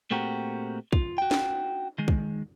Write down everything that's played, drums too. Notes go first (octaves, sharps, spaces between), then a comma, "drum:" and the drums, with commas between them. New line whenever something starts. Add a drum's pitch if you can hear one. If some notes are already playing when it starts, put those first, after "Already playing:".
A#2 A3 C4 F#4 G4 A#4
F4, drum: kick
F#4 G5
drum: snare
D#3 G#3
drum: kick